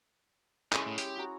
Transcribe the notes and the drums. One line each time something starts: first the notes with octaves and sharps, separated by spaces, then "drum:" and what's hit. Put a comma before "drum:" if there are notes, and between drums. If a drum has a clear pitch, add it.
G#3 C#4 E4 C#5 D#5, drum: clap
A2
G4, drum: hi-hat
F#4 A#5